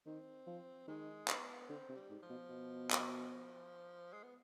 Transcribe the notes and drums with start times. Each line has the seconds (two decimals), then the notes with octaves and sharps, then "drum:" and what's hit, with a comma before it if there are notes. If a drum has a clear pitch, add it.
0.06 D#3 C4
0.47 F3
0.88 D#3 G#3
1.28 B3, drum: clap
1.69 D3 C4
1.89 C3
1.95 G3
2.10 G#2
2.22 F3
2.30 B2
2.49 B2
2.91 drum: clap
4.13 G#3
4.23 B3